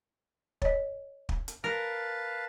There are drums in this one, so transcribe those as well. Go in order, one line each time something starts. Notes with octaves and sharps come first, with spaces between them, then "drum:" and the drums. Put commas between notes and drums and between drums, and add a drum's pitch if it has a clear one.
C#5 D#5, drum: kick
drum: kick
drum: hi-hat
A#4 B4 F5 A5